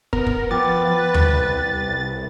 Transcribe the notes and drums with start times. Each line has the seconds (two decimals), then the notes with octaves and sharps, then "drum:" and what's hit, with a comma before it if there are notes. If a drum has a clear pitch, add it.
0.13 B3 A#4, drum: kick
0.26 drum: kick
0.51 F3 B3 B4 G5 D6 A6
1.14 C2, drum: tom D#2